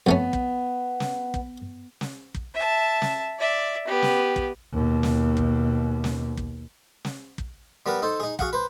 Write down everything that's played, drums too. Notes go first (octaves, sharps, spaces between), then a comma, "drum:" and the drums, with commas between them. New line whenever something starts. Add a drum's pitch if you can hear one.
F2 A3 B3 C#4
drum: kick
drum: snare
drum: kick
drum: snare
drum: kick
E5 A5
drum: snare
D5 E5
B3 G4
drum: snare
drum: kick
D#2 B2
drum: snare
drum: kick
drum: snare
drum: kick
drum: snare
drum: kick
G3 B3 A#4 B4
D#4 A4 C5
D#4 G#4
F#4 G#4 F5 F#5, drum: kick
B4 C5